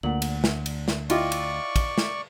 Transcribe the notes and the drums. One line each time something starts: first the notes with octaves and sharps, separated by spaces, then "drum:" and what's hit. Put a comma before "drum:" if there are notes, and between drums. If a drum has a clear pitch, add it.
D2 A#2 F#5 F#7
drum: cymbal
drum: snare
drum: cymbal
drum: snare
E4 F4 D5 D#5 F5 G5 C#6 D6, drum: cymbal
drum: cymbal
drum: kick, cymbal
drum: snare